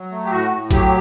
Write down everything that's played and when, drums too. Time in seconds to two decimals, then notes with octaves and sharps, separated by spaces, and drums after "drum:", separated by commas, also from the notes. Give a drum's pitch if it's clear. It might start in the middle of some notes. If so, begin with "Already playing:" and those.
Already playing: F#3
0.11 A3
0.25 G4
0.31 A2 F#4
0.51 A2
0.71 F#3 G4, drum: kick A#1, hi-hat